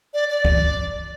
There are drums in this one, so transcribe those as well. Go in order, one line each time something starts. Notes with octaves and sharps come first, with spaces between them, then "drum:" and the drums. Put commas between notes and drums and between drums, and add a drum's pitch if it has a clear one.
D5
D5
drum: kick